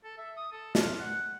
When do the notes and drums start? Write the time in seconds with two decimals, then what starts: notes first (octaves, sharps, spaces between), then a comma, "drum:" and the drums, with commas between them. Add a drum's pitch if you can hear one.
0.04 A4
0.18 E5
0.37 D#6
0.52 A4
0.75 F4, drum: snare
0.99 F#5